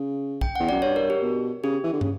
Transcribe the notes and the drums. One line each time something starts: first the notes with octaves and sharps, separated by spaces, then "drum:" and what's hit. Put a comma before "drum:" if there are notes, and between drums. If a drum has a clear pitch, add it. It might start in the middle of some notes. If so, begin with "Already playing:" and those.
Already playing: C#3
G5, drum: kick B1
F#5
E2
F#2 D5
G2 C#5
A#4
G4
B2
C#3 G4
E3
D3
C#3, drum: tom